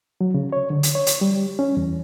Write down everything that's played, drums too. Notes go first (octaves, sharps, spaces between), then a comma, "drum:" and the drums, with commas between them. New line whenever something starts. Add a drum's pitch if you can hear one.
F#3
C#3
C#5
D3
drum: hi-hat
C#5
drum: hi-hat
G3
C#4
E2